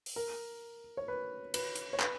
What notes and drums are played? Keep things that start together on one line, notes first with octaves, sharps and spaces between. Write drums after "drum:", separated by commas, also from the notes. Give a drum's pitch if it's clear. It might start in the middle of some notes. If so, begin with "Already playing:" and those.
drum: open hi-hat
A#4
C#5
B4
B4, drum: cymbal
drum: hi-hat
C#5
B4, drum: clap